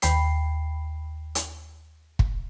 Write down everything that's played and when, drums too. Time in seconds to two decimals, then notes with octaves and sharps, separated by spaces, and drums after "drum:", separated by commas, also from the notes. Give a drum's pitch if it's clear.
0.02 D#2 G5 B5 C7, drum: hi-hat
1.35 drum: hi-hat
2.19 drum: kick